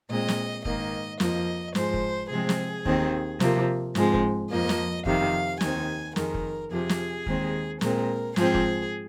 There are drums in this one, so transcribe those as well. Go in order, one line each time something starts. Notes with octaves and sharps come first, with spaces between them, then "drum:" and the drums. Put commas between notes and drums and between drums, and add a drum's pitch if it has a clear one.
A#2 G#3 C4 D#5
drum: snare
G#2 D#3 A#3 D#5, drum: kick
F2 F3 A#3 D#5, drum: snare
G#2 F3 G#3 C5, drum: snare
drum: kick
C3 F3 G#3 C4 G#4
drum: snare
D#2 D#3 C4, drum: kick
C3 F3 A#3, drum: snare
G#2 F3 G#3 C4, drum: snare
drum: kick
F2 F3 A#3 D#5
drum: snare
F2 C3 D#3 F5, drum: kick
D#2 D#3 C4 G#5, drum: snare
F2 D#3 G#3 A#4, drum: snare
drum: kick
F2 C3 F3 G#4
drum: snare
D#2 D#3 G#3 C4, drum: kick
A#2 G#3 C4 A#4, drum: snare
G#2 F3 C4 G#4, drum: snare
drum: kick